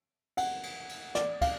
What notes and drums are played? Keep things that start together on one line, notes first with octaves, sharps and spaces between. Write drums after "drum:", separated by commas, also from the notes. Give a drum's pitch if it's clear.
F#5, drum: cymbal
drum: cymbal
drum: cymbal
D5, drum: snare
F5, drum: kick, cymbal